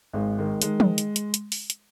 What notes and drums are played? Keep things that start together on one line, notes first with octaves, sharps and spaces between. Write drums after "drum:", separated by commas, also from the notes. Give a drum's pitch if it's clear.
G#1 G#3
D#3 G#3
D#3 G#3, drum: hi-hat
drum: tom
drum: hi-hat
drum: hi-hat
drum: hi-hat
drum: open hi-hat
drum: hi-hat